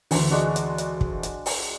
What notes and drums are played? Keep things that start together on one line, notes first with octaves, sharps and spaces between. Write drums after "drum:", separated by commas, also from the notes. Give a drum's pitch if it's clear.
D2 E3, drum: open hi-hat
G#3 D4 F#4
drum: hi-hat
drum: hi-hat
drum: kick
drum: hi-hat
drum: open hi-hat